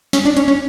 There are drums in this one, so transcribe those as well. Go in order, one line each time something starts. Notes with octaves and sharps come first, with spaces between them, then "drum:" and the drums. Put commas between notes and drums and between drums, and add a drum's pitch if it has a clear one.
C#4, drum: snare
D4
C#4, drum: hi-hat
C#4